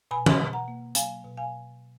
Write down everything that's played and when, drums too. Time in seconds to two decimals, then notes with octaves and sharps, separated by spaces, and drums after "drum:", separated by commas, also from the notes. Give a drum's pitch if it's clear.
0.11 B2 G#5 B5
0.26 drum: tom
0.38 B2
0.53 F#5 A#5
0.68 A#3
0.95 F#3 F5 G#5, drum: hi-hat
1.24 B2
1.37 F5 G#5